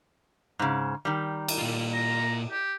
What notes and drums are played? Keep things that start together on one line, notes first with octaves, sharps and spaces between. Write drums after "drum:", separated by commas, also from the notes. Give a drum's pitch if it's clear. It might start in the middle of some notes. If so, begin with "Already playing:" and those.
G#2 C#3
D#3 G3
drum: cymbal
A#2 F4
A#5
G4